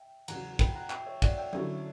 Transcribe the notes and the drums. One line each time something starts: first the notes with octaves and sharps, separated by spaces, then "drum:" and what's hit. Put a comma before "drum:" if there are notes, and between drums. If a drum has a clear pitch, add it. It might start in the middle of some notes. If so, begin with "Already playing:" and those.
Already playing: E5 G5
E2 C#3 F#3 C#4 F#5 A#5, drum: cymbal
G5 B5, drum: kick, cymbal
F#5 A#5
E5 G5, drum: clap
C#5 E5
D5 F#5, drum: kick, cymbal
E5 G5
D3 F#3 C#4 E4 C#5 E5, drum: tom F#3